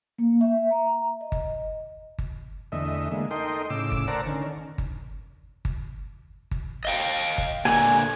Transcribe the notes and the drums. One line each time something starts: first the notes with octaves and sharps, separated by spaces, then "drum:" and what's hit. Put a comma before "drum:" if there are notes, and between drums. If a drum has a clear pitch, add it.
A#3
E5
A#5
D#5
drum: kick G1
drum: kick G1
E2 D3 A3 D#5 E5
D3 G#3 A#3
D#4 A4 A#4 D#5 G5 C6
A2 C#3 D6 E6
drum: kick G1
A#4 C5 D5 F#5 A5 A#5
D3 D#3 C#4 A#4
drum: kick G1
drum: kick G1
drum: kick G1
D#5 F5 G5
drum: kick G1
A#2 D3 G#5